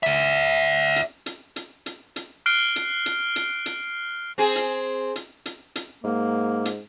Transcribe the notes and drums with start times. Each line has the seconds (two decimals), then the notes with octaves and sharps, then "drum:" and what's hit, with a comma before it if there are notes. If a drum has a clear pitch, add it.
0.03 D5 E5
0.96 drum: hi-hat
1.26 drum: hi-hat
1.56 drum: hi-hat
1.86 drum: hi-hat
2.16 drum: hi-hat
2.46 F6 F#6 C7 D7 G7
2.76 drum: hi-hat
3.06 drum: hi-hat
3.36 drum: hi-hat
3.66 drum: hi-hat
4.38 C4 G#4
4.56 drum: hi-hat
5.16 drum: hi-hat
5.46 drum: hi-hat
5.75 drum: hi-hat
6.04 G#2 A#3
6.65 drum: hi-hat